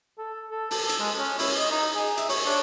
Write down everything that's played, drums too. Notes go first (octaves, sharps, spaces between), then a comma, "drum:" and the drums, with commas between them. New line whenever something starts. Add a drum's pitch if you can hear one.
A4
A4
A4, drum: open hi-hat
drum: hi-hat
G#3
C#4
E4, drum: open hi-hat
D#5
D#4
G#4
E5, drum: hi-hat
C#5, drum: open hi-hat
D4